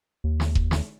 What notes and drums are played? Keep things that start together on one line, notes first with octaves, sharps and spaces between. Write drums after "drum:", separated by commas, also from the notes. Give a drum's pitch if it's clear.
D#2
drum: snare
drum: kick E1
drum: snare